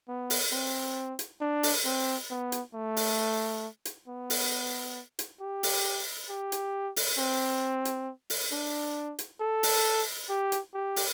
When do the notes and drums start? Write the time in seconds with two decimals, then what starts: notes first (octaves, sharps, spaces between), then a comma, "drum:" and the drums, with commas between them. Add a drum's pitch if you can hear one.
0.08 B3
0.30 drum: open hi-hat
0.52 C4
1.19 drum: hi-hat
1.41 D4
1.63 drum: open hi-hat
1.85 C4
2.30 B3
2.52 drum: hi-hat
2.74 A3
2.97 drum: open hi-hat
3.85 drum: hi-hat
4.08 B3
4.30 drum: open hi-hat
5.19 drum: hi-hat
5.40 G4
5.63 drum: open hi-hat
6.29 G4
6.52 drum: hi-hat
6.96 drum: open hi-hat
7.18 C4
7.85 drum: hi-hat
8.30 drum: open hi-hat
8.52 D4
9.19 drum: hi-hat
9.41 A4
9.63 drum: open hi-hat
10.29 G4
10.52 drum: hi-hat
10.74 G4
10.96 drum: open hi-hat